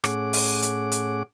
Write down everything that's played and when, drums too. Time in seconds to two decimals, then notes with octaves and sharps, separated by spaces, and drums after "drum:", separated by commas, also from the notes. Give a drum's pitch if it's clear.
0.04 A2 C#4 G#4 F#5 D6, drum: rim click
0.33 drum: open hi-hat
0.62 drum: hi-hat
0.92 drum: hi-hat